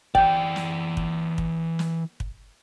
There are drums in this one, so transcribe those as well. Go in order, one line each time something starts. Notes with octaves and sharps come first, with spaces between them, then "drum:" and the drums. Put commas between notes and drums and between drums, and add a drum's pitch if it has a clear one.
E3 D5 G5, drum: kick
drum: snare
drum: kick
drum: kick
drum: snare
drum: kick